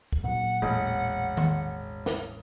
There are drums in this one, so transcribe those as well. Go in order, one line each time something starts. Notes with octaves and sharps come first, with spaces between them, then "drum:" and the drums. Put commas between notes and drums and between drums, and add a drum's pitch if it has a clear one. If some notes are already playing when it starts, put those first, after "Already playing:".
drum: kick
A#2 F#3 F#5
E1 A1
drum: tom D#3
drum: snare